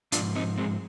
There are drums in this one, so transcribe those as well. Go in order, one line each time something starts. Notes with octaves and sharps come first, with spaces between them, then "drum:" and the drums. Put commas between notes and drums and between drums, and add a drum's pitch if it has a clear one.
G#2 F3 D4 F4, drum: hi-hat
C4 D#4
G#3 C4